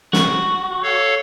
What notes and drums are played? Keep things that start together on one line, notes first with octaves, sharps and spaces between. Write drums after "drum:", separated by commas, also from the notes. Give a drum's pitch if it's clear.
F#4, drum: snare
A4 C#5 F5